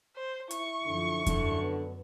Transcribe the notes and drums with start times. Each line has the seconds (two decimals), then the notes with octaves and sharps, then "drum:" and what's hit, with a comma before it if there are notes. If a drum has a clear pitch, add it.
0.16 C5
0.51 E4 C#6, drum: hi-hat
0.85 F#2 D3 F3
1.26 F#2 D3, drum: kick E2, hi-hat
1.62 B3